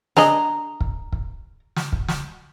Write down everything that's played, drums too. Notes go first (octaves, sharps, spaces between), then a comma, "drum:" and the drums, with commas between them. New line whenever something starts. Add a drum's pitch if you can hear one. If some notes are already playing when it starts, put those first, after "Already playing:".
D4 G#4 D#5 A#5, drum: snare
drum: kick
drum: kick
drum: snare
drum: kick
drum: snare